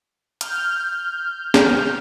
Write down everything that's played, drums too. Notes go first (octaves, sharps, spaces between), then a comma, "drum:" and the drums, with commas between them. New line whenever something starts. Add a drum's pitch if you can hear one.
F6 G6, drum: hi-hat
drum: snare